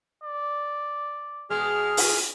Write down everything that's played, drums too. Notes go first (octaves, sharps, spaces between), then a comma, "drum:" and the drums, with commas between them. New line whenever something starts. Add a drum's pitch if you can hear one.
D5
B2 G#3 G#4 F6
drum: open hi-hat